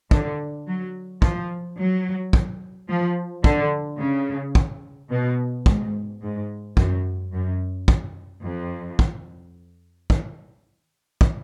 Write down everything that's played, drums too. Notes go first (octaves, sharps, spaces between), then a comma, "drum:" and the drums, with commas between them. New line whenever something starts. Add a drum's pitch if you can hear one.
D3, drum: kick
F#3
F3, drum: kick
F#3
drum: kick
F3
D3, drum: kick
C#3
drum: kick
B2
G#2, drum: kick
G#2
F#2, drum: kick
F#2
drum: kick
F2
drum: kick
drum: kick
drum: kick